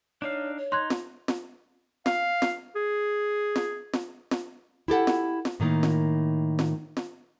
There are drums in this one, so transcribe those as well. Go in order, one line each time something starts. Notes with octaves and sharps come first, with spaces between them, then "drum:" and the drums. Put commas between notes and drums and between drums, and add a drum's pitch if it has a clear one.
D4 D#4 C#5 F5
C#5
D#4 C6 F#6 G#6
drum: snare
drum: snare
F5, drum: snare
drum: snare
G#4
drum: snare
drum: snare
drum: snare
E4 G4 A4 F#5
drum: snare
drum: snare
A2 D#3 A#3 D#4
drum: snare
drum: snare
drum: snare